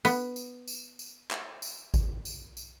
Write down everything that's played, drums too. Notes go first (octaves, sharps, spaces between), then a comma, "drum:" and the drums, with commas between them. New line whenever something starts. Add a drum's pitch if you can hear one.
B3, drum: tambourine
drum: tambourine
drum: tambourine
drum: tambourine
drum: clap
drum: tambourine
drum: kick G#1, tambourine
drum: tambourine
drum: tambourine